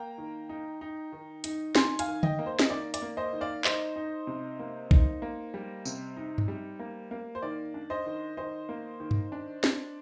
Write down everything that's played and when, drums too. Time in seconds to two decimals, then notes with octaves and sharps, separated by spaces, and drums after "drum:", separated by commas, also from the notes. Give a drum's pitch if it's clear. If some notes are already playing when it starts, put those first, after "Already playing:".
Already playing: A#3 G5 A#5
0.18 D#3
0.49 D#4
0.81 D#4
1.12 D#3
1.44 D#4, drum: hi-hat
1.75 D#3 G#5 C6, drum: snare
1.99 F5 G#5, drum: hi-hat
2.07 D#3
2.23 D#5 G5, drum: tom D3
2.39 A#3
2.46 C5
2.59 D#5, drum: snare
2.70 D#3 D5
2.94 D5, drum: hi-hat
3.02 A#3
3.17 C5 D#5
3.33 D#3
3.41 D5 F5
3.64 D#4 C5 D#5, drum: clap
3.96 D#4
4.27 C3
4.59 A#3
4.91 D#4, drum: kick A#1
5.22 A#3
5.54 G3
5.85 C3, drum: tambourine
6.16 D#4
6.38 drum: tom G2
6.48 G3
6.79 A#3
7.11 A#3
7.35 C5
7.42 D#3 D5
7.74 D4
7.90 C5 D#5
8.06 D#3
8.37 D#3 C5 D#5
8.69 A#3
9.00 D#3
9.11 drum: tom G2
9.32 D4
9.64 D4, drum: snare